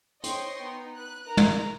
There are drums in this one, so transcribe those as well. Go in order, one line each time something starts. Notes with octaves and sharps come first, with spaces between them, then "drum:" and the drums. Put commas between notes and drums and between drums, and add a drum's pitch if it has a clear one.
C5 C#5 D#5 G5 C6 C#6, drum: hi-hat
B3 D#4
B4 F#6
D#4 A#4 A#5
drum: tom